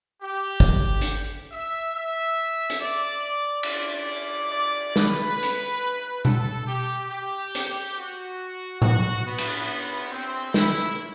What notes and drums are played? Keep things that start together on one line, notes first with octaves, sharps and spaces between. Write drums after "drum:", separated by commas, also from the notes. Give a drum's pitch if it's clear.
G4
drum: kick
drum: hi-hat
E5
E5
drum: hi-hat
D5
drum: cymbal
D5
B4, drum: snare
drum: hi-hat
A4, drum: tom B2
G4
G4
drum: hi-hat
F#4
F#4, drum: tom A2
B3
drum: cymbal
C4
E4, drum: snare